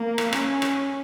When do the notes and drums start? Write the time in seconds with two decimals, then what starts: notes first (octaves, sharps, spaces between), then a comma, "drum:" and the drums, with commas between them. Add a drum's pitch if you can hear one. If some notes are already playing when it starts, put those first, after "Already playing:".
Already playing: A#3
0.18 drum: rim click
0.33 C#4, drum: rim click
0.62 drum: rim click